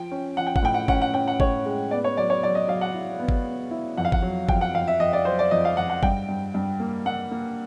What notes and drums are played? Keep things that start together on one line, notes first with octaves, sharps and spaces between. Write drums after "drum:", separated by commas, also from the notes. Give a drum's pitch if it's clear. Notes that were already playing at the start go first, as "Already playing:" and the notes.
Already playing: F3 G5
C#4
F3 F#5
G5
F#5, drum: kick G1
A2 G5
F#5
C#4 F#5, drum: kick G1
F#5
C#4 G5
F#5
A2 C#5, drum: kick G1
G#3
B3 D5
C#5
F#3 D5
C#5
F#3 D5
D#5
F#3 F5
F#5
E4
B3
drum: kick G1
B3
E4
F2 F#5
F5
F#5, drum: kick G1
F#3
F2 G5, drum: kick G1
F#5
F2 F5
E5
F2 D#5
D5
F#3 C5
D5
F2 D#5
F5
F2 F#5
F#5
G2 G5, drum: kick G1
G2
G2
A#3
A#3 F#5
A#3